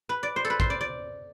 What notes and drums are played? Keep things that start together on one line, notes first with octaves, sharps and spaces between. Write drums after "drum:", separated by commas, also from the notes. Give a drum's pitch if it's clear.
B4
D5
C5
A4
B4
C5, drum: kick
D5
D5